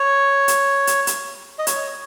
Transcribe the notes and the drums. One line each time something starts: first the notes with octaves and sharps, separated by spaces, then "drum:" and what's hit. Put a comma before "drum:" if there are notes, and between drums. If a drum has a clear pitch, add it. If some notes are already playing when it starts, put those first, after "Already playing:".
Already playing: C#5
drum: hi-hat
drum: hi-hat
drum: hi-hat
D#5
C#5, drum: hi-hat